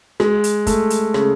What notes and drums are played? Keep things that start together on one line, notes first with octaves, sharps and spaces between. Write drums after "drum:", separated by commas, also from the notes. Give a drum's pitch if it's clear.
G#3, drum: rim click
drum: hi-hat
A3, drum: kick, hi-hat
drum: hi-hat
C#3, drum: rim click